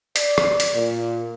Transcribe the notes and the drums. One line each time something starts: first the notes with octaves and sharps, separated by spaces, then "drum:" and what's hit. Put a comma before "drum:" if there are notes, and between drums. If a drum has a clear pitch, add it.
D5, drum: hi-hat
drum: rim click
drum: hi-hat
A#2